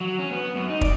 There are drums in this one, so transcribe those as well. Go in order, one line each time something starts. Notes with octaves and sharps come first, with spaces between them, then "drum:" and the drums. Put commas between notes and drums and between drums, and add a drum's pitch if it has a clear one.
F#3
C#4
B3
F#2
D#4
D5, drum: kick